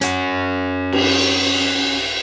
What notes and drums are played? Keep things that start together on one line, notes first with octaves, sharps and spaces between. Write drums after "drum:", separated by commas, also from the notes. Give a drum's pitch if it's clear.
C#4 F#4, drum: hi-hat
drum: cymbal